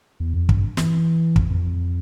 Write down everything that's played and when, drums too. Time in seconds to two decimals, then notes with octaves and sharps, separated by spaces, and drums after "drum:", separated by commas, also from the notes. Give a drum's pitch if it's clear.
0.20 E2
0.34 F2
0.49 G2, drum: kick
0.77 E3, drum: snare
1.36 F2, drum: kick
1.50 F2